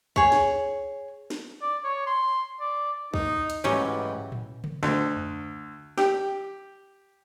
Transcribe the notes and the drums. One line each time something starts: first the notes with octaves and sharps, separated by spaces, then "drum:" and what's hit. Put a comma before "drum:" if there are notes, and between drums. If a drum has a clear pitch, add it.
G#4 C#5, drum: kick
drum: snare
drum: snare
D5
C#5
C6
D5
D#4, drum: kick
drum: hi-hat
D2 G#2 E3 F#3 C#4 G4
drum: tom A2
drum: tom C#3
D2, drum: snare
drum: tom F2
G4, drum: snare